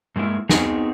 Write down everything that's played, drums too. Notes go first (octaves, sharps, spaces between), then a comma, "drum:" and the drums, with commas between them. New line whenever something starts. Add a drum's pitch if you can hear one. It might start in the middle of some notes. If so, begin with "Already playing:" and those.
G2 G#3 A#3 E4
B3 C4 D#4 F#4 G#4, drum: snare